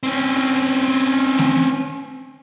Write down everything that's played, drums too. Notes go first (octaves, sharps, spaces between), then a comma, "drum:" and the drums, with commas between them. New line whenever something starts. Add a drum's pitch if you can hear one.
C4 C#4
drum: hi-hat
drum: snare A3